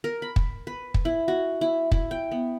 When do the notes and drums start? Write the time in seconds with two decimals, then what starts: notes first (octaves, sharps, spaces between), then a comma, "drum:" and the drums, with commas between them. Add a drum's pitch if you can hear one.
0.04 A#4
0.22 B5
0.36 drum: kick
0.67 B4
0.94 drum: kick
1.05 E4
1.28 F#4
1.61 E4
1.92 E4, drum: kick
2.11 G5
2.31 B3